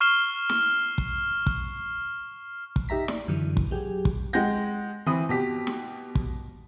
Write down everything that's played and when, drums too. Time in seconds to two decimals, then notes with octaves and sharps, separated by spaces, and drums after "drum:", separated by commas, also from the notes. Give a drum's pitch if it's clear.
0.01 C#6 F6 C7 E7 G7
0.49 drum: snare
0.98 drum: kick
1.46 drum: kick
2.76 drum: kick
2.89 D#4 G4 E5 A#5 B6
3.08 D5, drum: snare
3.28 F#2 D3 E3
3.57 drum: kick
3.71 F#3 G4 G#4
4.05 drum: kick
4.33 G#3 F#5 G5 G6 A#6
5.06 E3 C4 B5 D#6
5.29 B2 G4 B6
5.67 drum: snare
6.15 drum: kick